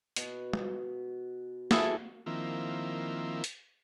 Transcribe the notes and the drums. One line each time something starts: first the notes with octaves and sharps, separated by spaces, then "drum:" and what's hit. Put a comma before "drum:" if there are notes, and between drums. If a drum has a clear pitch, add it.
B2, drum: hi-hat
drum: tom
E3 E4 G#4 A4, drum: snare
D#3 F3 A#3 C4 E4
drum: hi-hat